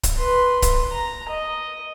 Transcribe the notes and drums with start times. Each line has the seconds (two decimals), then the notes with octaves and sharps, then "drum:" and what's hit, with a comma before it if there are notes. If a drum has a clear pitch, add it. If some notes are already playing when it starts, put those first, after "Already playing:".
0.03 drum: kick, hi-hat
0.17 B4 C6
0.62 drum: kick, hi-hat
0.92 A#5
1.29 D#5